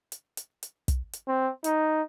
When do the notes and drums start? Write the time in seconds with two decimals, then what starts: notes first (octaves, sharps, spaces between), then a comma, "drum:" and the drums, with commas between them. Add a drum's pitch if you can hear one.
0.12 drum: hi-hat
0.37 drum: hi-hat
0.63 drum: hi-hat
0.88 drum: kick, hi-hat
1.13 drum: hi-hat
1.28 C4
1.64 D#4, drum: hi-hat